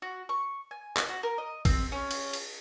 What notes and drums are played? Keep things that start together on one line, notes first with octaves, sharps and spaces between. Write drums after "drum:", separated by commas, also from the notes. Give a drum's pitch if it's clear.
F#4
C#6
G#5
drum: clap
F#4
A#4
D#5
C4, drum: kick, cymbal
C#4
drum: cymbal
drum: cymbal